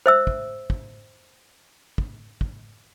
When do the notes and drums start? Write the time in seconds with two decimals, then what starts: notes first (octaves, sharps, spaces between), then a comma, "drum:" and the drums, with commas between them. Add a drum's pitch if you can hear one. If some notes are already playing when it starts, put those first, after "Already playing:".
0.06 C5 E5 E6
0.27 drum: kick
0.70 drum: kick
1.98 drum: kick
2.41 drum: kick